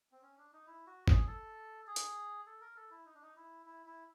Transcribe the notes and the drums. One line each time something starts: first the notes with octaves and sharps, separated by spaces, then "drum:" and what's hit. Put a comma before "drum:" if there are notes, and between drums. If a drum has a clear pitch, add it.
C4
C#4
D4
D#4
E4
F#4
G#4, drum: kick
A4
G#4
drum: hi-hat
A4
A#4
A4
E4
D#4
D4
D#4
E4
E4
E4